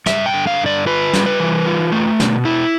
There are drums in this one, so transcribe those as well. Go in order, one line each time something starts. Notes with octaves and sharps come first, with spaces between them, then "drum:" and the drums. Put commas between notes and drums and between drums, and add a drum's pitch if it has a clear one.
G2 E5, drum: snare
G5
D3
F5
G2
D5
F4 B4
G3, drum: snare
B4
E3
F4
A3
B2, drum: snare
E4